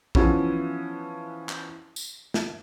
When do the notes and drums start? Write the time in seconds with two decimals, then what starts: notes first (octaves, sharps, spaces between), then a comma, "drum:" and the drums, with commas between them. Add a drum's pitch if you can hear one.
0.15 E3 F3 B3 C#4 E4, drum: kick A#1
1.49 drum: clap
1.96 drum: tambourine
2.34 drum: snare